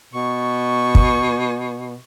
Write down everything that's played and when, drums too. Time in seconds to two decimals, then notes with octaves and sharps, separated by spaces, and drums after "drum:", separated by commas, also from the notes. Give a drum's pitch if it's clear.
0.14 B2 C#6
0.95 drum: kick